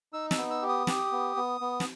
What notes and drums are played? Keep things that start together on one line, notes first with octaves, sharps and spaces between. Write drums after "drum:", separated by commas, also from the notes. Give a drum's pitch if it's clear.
D#4 E6
E6, drum: snare
B3
E6
G4
D#6
G4, drum: snare
B3
B3
B3
drum: snare